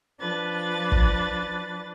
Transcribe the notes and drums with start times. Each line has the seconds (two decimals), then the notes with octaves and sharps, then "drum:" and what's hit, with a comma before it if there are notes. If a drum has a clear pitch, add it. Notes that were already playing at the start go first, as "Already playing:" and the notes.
0.19 F3 D4 B4 A6
0.92 drum: kick